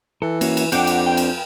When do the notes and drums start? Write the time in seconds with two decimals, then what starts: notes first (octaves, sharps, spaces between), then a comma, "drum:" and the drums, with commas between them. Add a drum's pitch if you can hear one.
0.22 E3 A4
0.41 A#3 C#4 F#4, drum: cymbal
0.57 drum: cymbal
0.72 F2 C4 D4 F#5 G5 D6, drum: cymbal
0.87 drum: cymbal
1.06 G5
1.17 drum: cymbal